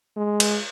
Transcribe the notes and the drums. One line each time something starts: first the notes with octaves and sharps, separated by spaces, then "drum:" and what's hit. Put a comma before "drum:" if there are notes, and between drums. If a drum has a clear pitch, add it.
G#3
drum: cymbal